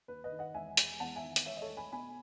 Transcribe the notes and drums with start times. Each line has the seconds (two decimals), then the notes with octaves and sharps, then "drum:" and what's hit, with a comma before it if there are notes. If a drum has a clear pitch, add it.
0.08 D#2 B4
0.24 B4 D#5
0.32 D#3
0.39 D#5 F#5
0.55 E1 E5 G#5
0.77 G#3, drum: hi-hat
1.00 E2 F#5 A5
1.16 E5 G#5
1.23 D#3
1.36 drum: hi-hat
1.46 E1 C#5 E5
1.57 D#5
1.62 A4 C#5
1.69 A3
1.77 G#5 B5
1.92 B2 G#5 B5